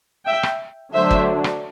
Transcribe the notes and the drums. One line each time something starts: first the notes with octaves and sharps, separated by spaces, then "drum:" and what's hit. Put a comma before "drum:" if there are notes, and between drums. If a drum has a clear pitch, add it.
E5 G5
drum: rim click
D3 F#3 A3 D4 C5 E5
drum: kick
drum: rim click